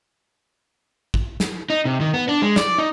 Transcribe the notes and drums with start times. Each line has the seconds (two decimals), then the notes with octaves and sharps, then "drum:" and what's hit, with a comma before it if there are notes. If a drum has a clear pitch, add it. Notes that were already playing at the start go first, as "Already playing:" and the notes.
1.14 drum: kick A1
1.40 drum: snare
1.70 D#4
1.85 C3
2.01 D#3
2.14 B3
2.28 D4
2.42 G#3
2.56 D5, drum: snare
2.78 D#4